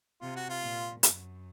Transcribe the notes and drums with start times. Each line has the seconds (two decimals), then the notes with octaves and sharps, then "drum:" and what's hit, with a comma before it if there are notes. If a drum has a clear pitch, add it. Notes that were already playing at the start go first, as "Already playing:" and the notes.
0.21 C3 F4
0.36 F#4
0.50 F4
0.63 A#2
1.03 F#2, drum: hi-hat